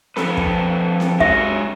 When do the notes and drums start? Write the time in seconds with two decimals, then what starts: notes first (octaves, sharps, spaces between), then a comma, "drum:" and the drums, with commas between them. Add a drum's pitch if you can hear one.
0.16 F3 A4 B4, drum: snare C4
0.37 drum: kick
1.00 drum: snare C4
1.20 F#3 G#3 C#4 E5, drum: kick